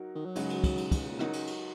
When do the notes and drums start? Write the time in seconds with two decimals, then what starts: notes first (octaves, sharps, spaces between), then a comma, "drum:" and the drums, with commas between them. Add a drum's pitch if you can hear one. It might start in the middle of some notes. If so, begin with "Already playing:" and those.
Already playing: F#3 D#4 F#4 A#4
0.15 D#3
0.25 F#3
0.36 C#3 G#3 D#4 F#4, drum: cymbal
0.50 drum: cymbal
0.64 drum: kick, cymbal
0.78 drum: cymbal
0.91 drum: kick, cymbal
1.10 A#2
1.19 C#3 F#3 D#4 F#4 A#4, drum: rim click
1.33 drum: cymbal
1.47 drum: cymbal